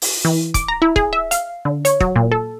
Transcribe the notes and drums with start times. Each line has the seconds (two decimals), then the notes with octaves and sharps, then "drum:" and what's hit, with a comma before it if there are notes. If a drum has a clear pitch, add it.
0.02 drum: open hi-hat
0.25 E3
0.54 D6, drum: kick, hi-hat
0.68 A#5
0.82 E4
0.96 G#4, drum: kick
1.13 E5
1.31 F5, drum: hi-hat
1.65 D3
1.85 C#5, drum: hi-hat
2.00 F#3, drum: kick
2.16 A#2
2.32 A4